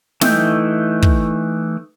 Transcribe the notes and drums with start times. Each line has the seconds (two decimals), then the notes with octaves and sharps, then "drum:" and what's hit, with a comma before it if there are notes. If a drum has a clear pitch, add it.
0.21 E3 A3 D#4 G5, drum: snare
1.02 drum: kick